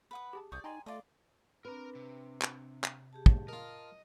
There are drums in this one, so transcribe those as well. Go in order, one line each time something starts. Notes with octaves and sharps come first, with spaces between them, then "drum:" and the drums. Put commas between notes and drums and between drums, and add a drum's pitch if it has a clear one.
B4 F#5 D#6
G4 G#4 A5
C2 D5 C#6 D#6 G6
D#4 G5 G#5 A#5 C6
A3 F4 D5 D#5
C4 D4 A#4 B4 A#5
C3
drum: clap
drum: clap
G4 G#4 A5
drum: kick
F4 A#4 D#5 A5